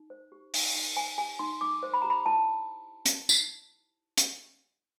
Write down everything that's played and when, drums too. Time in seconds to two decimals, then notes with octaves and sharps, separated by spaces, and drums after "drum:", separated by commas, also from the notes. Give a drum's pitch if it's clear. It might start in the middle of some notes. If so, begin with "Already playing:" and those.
Already playing: D#4
0.10 C5
0.32 G4
0.54 D#4, drum: open hi-hat
0.75 D#4
0.96 C5 G#5
1.18 G4 G#5
1.39 D#4 C6
1.61 D#4 D6
1.83 C5
1.94 B5
2.02 G4 A#5
2.10 B5
2.26 E4 A5
3.06 drum: hi-hat
3.29 drum: tambourine
4.17 drum: hi-hat